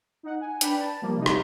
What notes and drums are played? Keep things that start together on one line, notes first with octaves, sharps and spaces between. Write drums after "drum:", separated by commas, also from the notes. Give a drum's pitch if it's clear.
D#4 F#5
G#5
D4 B4 G5 B5, drum: hi-hat
A5
F3 G3 A#3
C3 D#4
drum: rim click